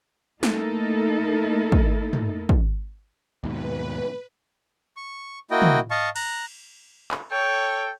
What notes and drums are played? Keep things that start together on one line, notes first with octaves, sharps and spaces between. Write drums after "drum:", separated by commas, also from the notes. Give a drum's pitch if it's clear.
A3 A#3 D#4 E4 A4 A#4, drum: snare
drum: kick
drum: tom
drum: kick
D#2 G#2 B2 B4
C#6
A#3 E4 F#4 D#5 G5
drum: tom
D#5 F5 A5 C#6
A#5 F#6, drum: cymbal
drum: clap
A4 C#5 G5